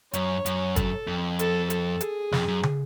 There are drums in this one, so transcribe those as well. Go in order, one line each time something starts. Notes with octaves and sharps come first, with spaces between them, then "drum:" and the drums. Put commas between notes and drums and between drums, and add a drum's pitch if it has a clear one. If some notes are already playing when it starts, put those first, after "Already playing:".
F#2 C#5, drum: hi-hat
F#2, drum: hi-hat
A4, drum: kick G1, hi-hat
F2
A4, drum: hi-hat
A4, drum: hi-hat
G#4, drum: hi-hat
F2, drum: snare
F#2
drum: tom